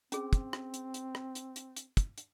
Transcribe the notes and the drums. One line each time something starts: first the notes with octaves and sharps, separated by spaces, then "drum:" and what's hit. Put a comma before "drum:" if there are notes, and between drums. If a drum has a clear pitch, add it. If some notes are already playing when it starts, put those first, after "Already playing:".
C4 C#4 G#4, drum: hi-hat
drum: kick, hi-hat
drum: rim click
drum: hi-hat
drum: hi-hat
drum: rim click
drum: hi-hat
drum: hi-hat
drum: hi-hat
drum: kick, hi-hat
drum: hi-hat